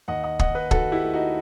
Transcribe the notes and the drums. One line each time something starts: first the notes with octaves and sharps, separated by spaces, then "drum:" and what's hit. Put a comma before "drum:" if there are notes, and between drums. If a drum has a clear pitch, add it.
D#2 D#5 F#5
D#5 F#5
D#2 D#5 F#5, drum: kick
B4 D#5
D#3 F#4 A4, drum: kick
E4 G4
A3
D#4 F#4